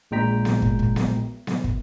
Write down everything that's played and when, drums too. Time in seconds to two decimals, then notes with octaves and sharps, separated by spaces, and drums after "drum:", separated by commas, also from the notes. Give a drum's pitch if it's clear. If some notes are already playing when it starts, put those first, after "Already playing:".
0.11 A#1 A#2 G#3 G5 A#5 B6
0.45 drum: snare B3
0.62 drum: kick
0.79 drum: kick
0.96 drum: snare B3
1.47 drum: snare B3
1.64 drum: kick